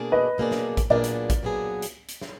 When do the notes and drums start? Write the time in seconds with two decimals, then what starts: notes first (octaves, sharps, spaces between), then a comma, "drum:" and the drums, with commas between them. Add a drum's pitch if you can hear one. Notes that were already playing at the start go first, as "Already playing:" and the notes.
Already playing: B2 A#3 D4 G#4 D5
0.12 B4 D#5
0.38 B2 A#3 D4 G#4 D5
0.51 drum: snare
0.77 drum: kick A1, hi-hat
0.90 A#2 F#3 B3 D4 G#4 A#4 D5
1.04 drum: hi-hat
1.30 drum: kick A1, hi-hat
1.43 A#2 F#3 B3 D4 G#4
1.82 drum: hi-hat
2.08 drum: hi-hat
2.21 drum: snare